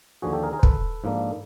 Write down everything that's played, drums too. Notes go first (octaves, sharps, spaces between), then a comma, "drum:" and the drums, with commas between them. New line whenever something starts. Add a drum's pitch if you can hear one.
D#2 D3 F3 F#4 G#4
G4 A4
G#4 A#4
G#4 A#4
C5
A4 B4, drum: kick
G#2 F3 A#3 D4